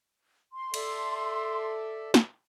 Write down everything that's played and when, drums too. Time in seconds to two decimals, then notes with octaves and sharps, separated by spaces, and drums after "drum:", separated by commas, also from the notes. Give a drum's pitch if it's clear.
0.53 C6
0.74 A4 D5 E5, drum: cymbal
2.14 drum: snare